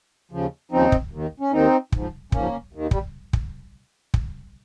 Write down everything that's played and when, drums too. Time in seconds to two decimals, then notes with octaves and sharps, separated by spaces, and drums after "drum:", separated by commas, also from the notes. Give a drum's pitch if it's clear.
0.32 D#2 C#3 F3
0.71 D#2 C#3 F3 C4 D#4
0.92 drum: kick
1.12 D#2 D#3
1.40 C#4
1.52 D#2 D#3 C4 D#4
1.92 G#2, drum: kick
1.98 F3
2.32 G#2 F3 A#3 C#4, drum: kick
2.73 D#2 D#3
2.91 G3, drum: kick
3.33 drum: kick
4.14 drum: kick